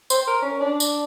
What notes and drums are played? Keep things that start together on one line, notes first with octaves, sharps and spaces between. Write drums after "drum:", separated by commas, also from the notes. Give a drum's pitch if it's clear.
C5, drum: tambourine
A#4
C#4
D4
drum: tambourine